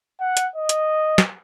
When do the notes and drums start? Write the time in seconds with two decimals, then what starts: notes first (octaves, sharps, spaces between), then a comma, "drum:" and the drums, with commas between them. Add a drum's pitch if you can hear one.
0.20 F#5
0.37 drum: hi-hat
0.56 D#5
0.69 drum: hi-hat
1.18 drum: snare